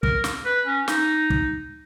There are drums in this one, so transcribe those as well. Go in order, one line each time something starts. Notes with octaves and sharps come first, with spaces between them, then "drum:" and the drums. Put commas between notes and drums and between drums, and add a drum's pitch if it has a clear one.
A#4, drum: kick
drum: snare
B4
C#4
D#4, drum: snare
drum: kick